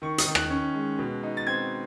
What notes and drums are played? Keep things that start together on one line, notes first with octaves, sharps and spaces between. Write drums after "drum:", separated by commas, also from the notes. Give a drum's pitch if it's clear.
D#3 C#6
D#6, drum: hi-hat
D#3
F#6, drum: rim click
C#4
G#3
B2
D#4
A6
C4 G#6